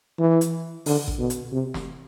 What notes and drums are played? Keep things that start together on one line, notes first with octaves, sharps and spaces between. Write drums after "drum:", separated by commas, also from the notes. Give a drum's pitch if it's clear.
E3
drum: hi-hat
D3, drum: open hi-hat
drum: kick A1
B2
drum: hi-hat
C3
drum: snare